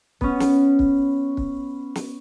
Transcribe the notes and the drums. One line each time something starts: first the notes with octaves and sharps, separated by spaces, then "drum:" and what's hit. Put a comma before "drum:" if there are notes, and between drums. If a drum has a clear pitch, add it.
B3 C#4, drum: kick
drum: snare
drum: kick
drum: kick
drum: snare